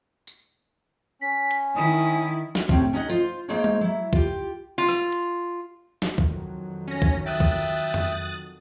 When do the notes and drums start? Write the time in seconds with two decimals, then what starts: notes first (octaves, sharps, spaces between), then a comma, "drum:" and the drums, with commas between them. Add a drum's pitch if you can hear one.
0.27 drum: tambourine
1.21 C#4 B6
1.51 drum: hi-hat
1.76 D#3 E4 D#6
2.55 drum: snare
2.69 A2 C3 C4 C#4 G4, drum: kick
2.93 C#4 D#4 E4 G#4 D#5 F#5
3.09 F4 C5, drum: tambourine
3.48 G#3 A#3 D#4 C5 C#5 F5
3.64 drum: tom G#3
3.81 F#3 E4
4.13 F4 G4, drum: kick
4.78 F4
4.89 drum: rim click
5.12 drum: hi-hat
6.02 drum: snare
6.18 F2 D#3 F#3, drum: kick
6.88 C#4 A#6
7.02 drum: kick
7.26 E5 G5 D#6 F#6 A6
7.40 drum: kick
7.94 drum: tom F2